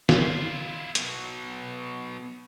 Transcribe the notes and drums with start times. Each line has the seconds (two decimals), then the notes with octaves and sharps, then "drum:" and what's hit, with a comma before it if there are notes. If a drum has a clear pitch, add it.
0.09 E4 F4, drum: snare
0.95 B2 F#3, drum: hi-hat